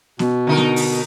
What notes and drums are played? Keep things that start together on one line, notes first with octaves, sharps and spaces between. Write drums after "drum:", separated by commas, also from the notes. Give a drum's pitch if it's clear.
B2, drum: snare B3
D3 D#4 A#4
drum: snare B3
drum: open hi-hat